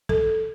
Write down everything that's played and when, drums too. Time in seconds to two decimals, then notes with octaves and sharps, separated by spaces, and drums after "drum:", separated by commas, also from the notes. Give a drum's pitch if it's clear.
0.09 A4, drum: kick